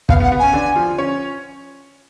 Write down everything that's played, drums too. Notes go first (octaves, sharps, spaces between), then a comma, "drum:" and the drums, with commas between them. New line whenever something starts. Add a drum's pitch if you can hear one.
B3 F5, drum: kick
B3
F#5
B3
C#4 G#5
D3 D4
F3 F4
C#4 C#5